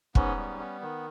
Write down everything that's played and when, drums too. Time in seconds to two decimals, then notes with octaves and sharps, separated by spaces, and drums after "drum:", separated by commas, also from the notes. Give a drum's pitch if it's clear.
0.15 G#2 B3 C#4, drum: kick
0.37 G3
0.60 B3
0.82 D#3